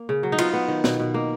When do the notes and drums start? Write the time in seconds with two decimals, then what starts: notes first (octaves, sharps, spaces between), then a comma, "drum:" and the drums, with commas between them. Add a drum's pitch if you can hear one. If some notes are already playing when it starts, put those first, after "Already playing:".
Already playing: A#3
0.09 C#3
0.23 F#3
0.32 D#4
0.38 B3 F4, drum: cymbal
0.53 B3
0.68 D#3
0.84 B2, drum: snare
1.00 B2
1.14 A#3